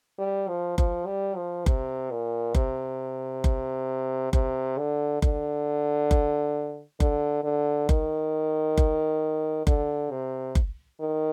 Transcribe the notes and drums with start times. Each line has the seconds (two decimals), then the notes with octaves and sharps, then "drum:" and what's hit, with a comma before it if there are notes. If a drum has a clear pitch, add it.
0.19 G3
0.48 F3
0.78 F3, drum: kick F#1
1.06 G3
1.36 F3
1.66 C3, drum: kick F#1
2.11 A#2
2.55 C3, drum: kick F#1
3.44 drum: kick F#1
4.33 C3, drum: kick F#1
4.78 D3
5.22 D3, drum: kick F#1
6.11 drum: kick F#1
7.00 D3, drum: kick F#1
7.44 D3
7.89 D#3, drum: kick F#1
8.78 drum: kick F#1
9.67 D3, drum: kick F#1
10.11 C3
10.55 drum: kick F#1
11.00 D#3